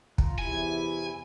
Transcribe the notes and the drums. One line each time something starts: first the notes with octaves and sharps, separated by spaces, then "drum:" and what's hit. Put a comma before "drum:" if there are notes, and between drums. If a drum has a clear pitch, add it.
F4 A#4, drum: kick
E2 C3 E4 G#5